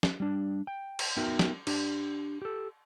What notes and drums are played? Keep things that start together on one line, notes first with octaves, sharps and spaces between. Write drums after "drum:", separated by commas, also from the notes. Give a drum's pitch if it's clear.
drum: snare
G3 D4
G5
drum: cymbal
B3 D#4 F#4 A#4 E5 G5
drum: snare
D4 G4, drum: cymbal
G4 A4